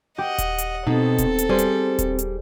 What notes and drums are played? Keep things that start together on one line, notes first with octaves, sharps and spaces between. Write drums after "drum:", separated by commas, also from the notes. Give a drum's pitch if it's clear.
G4 D#5 F#5
drum: kick D#1, hi-hat
drum: hi-hat
B2 C4 D#4 A4
drum: kick D#1, hi-hat
drum: hi-hat
G3 G#4 C5
drum: hi-hat
drum: kick D#1, hi-hat
drum: hi-hat